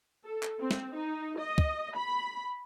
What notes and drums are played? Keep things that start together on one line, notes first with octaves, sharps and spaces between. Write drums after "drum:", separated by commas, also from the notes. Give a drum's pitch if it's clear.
A4
drum: clap
C4
drum: snare
D#4
D#5
drum: kick
B5